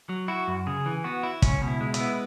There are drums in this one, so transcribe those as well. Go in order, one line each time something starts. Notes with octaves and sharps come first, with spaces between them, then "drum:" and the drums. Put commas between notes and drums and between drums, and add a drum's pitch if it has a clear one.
F#3
E4 F#4
F#2
C#3 G#4
E3
B3 F#4
E4
C#2 C#4, drum: kick, hi-hat
B2
E4
G#3
E4, drum: hi-hat
B3